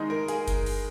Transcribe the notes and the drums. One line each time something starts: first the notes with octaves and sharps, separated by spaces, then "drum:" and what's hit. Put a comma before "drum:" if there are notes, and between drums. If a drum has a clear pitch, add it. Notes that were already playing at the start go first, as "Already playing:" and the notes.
Already playing: D#3 G#3 D#4
A#4
G#4, drum: hi-hat
drum: kick G1, hi-hat
drum: open hi-hat